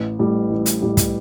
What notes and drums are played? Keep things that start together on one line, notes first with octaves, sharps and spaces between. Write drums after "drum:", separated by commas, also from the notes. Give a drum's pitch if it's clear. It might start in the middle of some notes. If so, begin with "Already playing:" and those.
Already playing: A1
A2 G3
A1
drum: hi-hat
A2 G3
drum: kick, hi-hat